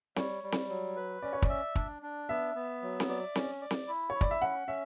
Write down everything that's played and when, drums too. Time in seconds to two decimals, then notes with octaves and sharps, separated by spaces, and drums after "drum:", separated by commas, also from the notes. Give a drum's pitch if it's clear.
0.16 G3 C#5, drum: snare C4
0.43 G3
0.52 drum: snare C4
0.69 F#3
0.96 B4
1.22 C#4 D5
1.33 C#5
1.42 D5, drum: kick
1.49 E5
1.75 D4, drum: kick
2.02 D4
2.29 B3 E5
2.55 B3
2.82 F#3
3.00 drum: snare C4
3.09 D5
3.35 C#4, drum: snare C4
3.61 D5
3.71 drum: snare C4
3.88 E4
4.10 E4 C#5
4.21 D5, drum: kick
4.31 E5
4.41 C#4 F#5
4.68 C#4 E5